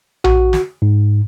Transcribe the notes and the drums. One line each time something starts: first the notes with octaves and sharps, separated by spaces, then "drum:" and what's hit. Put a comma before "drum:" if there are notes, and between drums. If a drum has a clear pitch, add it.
F#4, drum: tom A#1
drum: snare
G#2